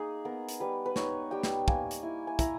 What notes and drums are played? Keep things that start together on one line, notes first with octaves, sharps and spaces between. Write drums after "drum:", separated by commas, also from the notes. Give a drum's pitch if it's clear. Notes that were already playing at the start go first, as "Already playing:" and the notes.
Already playing: A#3 D#4 G#4
B3 A#4
drum: hi-hat
G3 B4
B4
D#4 C#5, drum: snare
G3 G5
drum: snare
A#3 G#5, drum: kick
drum: hi-hat
E4
G#5
E4 A#5, drum: kick, hi-hat